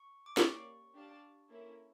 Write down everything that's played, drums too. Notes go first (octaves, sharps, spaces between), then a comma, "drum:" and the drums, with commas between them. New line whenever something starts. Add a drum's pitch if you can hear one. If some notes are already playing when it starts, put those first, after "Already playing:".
Already playing: C#6
D6
A#3 C#4 G4 D5 F5 C#6, drum: snare
D4 G4 D5 F5 A5
A#3 C#4 E4 A4